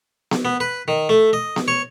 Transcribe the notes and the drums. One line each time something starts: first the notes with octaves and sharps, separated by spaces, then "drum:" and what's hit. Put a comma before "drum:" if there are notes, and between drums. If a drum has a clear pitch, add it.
drum: snare B3
B3
B4
D#3
A3
D#5
drum: snare B3
C#5